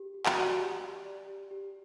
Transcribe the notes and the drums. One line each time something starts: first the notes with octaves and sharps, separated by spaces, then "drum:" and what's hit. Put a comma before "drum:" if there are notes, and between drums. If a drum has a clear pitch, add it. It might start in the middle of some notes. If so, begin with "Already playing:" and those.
Already playing: G4
G4
F#4, drum: clap
D5
G4
G4
D5
G4
G4